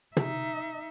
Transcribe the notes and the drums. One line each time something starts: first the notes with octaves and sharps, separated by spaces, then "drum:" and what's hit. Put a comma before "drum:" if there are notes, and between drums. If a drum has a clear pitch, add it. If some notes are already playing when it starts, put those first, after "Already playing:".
D#4 E5, drum: tom